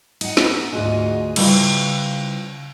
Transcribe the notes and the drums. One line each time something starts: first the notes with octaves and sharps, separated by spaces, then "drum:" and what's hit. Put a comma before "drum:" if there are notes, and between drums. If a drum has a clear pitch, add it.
D#4 F#5, drum: cymbal
drum: snare
D2 G#2 F4 F#4 G#4 D#5
C#3 G3 E4 F4 B4 C5, drum: cymbal